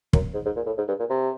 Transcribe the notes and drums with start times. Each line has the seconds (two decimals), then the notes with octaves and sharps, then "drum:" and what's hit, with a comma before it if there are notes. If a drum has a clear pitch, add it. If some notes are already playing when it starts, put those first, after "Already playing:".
0.13 F#2, drum: kick
0.34 G#2
0.45 G#2
0.56 A#2
0.66 A2
0.78 G#2
0.88 G2
0.99 A#2
1.10 C3